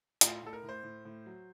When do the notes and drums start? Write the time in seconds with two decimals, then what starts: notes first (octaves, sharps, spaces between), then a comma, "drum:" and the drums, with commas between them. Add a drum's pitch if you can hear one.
0.21 A2 F4, drum: hi-hat
0.43 A2 A4
0.53 A#4
0.63 A2
0.69 C5
0.83 A2
1.05 A2
1.26 F#3